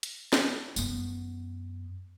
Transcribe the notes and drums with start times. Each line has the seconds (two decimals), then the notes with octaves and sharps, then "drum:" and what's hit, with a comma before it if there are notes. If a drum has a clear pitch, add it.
0.03 drum: hi-hat
0.33 drum: snare
0.76 F#2 B3, drum: tambourine